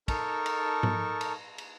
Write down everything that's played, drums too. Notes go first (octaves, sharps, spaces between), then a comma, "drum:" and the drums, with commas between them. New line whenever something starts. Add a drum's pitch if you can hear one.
D#4 A4 A#4 A5 C#6, drum: kick, cymbal
drum: cymbal
drum: tom G#2
drum: cymbal
drum: cymbal